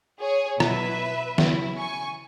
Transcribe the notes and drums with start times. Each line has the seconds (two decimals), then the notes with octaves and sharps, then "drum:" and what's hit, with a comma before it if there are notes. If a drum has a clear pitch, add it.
0.21 G#4 C#5
0.60 B2 F#3 E4 B4 E5, drum: rim click
1.38 C#3 F#3 E4, drum: snare
1.77 G#5 C#6